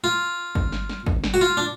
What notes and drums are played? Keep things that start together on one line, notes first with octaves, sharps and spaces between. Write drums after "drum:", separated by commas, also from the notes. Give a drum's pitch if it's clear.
F4
drum: kick
drum: snare
drum: snare
drum: kick
drum: snare
F#4
F4
D4